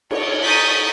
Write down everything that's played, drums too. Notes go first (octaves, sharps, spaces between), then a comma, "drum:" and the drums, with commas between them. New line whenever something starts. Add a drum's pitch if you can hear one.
C#5, drum: cymbal
A#5 C#6 D#6 G6 A6 B6